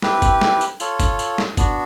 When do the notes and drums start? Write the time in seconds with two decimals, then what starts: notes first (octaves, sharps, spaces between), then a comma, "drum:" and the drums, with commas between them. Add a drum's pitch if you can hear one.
0.02 C4 E4 G4 B4, drum: snare
0.22 drum: kick, tambourine
0.41 drum: snare
0.61 drum: tambourine
0.80 F4 A4 C#5, drum: tambourine
1.00 drum: kick, tambourine
1.19 drum: tambourine
1.38 drum: snare
1.57 B3 D4 F#4, drum: kick, tambourine